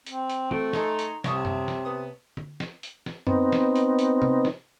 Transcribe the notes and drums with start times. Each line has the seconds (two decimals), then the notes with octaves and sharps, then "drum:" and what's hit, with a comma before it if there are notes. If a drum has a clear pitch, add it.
0.06 C4, drum: hi-hat
0.30 drum: hi-hat
0.51 A3 C4 F#4 G5, drum: tom
0.73 D#4 G#4 A4 A#5 C6 C#6, drum: snare
0.99 drum: hi-hat
1.24 C2 C3 C#5 E5 A5 C#6 D#6, drum: snare
1.45 drum: tom F#2
1.68 drum: snare
1.85 B3 D#6
2.37 drum: tom
2.60 drum: snare
2.83 drum: hi-hat
3.06 drum: snare
3.27 B3 C4 D#4, drum: tom F#2
3.52 drum: snare
3.76 drum: hi-hat
3.99 drum: hi-hat
4.22 drum: tom C3
4.45 drum: snare